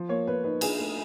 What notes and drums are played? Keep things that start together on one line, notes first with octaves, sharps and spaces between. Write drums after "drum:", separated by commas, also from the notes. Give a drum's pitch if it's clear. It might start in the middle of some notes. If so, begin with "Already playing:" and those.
Already playing: F3
A#3 C#5
A#3 B4
D#4 B4
D4 G#4, drum: cymbal
A3